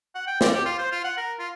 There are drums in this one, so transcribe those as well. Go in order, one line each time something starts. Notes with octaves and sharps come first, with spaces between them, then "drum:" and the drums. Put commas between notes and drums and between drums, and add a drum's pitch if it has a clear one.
F#5
G5
D5, drum: snare
G4
F4
C5
F4
F#5
A#4
F4